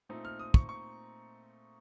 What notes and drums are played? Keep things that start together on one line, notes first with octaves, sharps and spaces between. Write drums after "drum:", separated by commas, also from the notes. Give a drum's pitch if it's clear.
A#2 A3 C4 D#4
F6
D#6
C#6, drum: kick
C#6